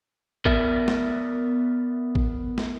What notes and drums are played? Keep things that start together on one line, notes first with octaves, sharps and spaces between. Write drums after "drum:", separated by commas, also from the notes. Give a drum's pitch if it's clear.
B3 A#4 D5 E5, drum: kick
drum: snare
drum: kick
drum: snare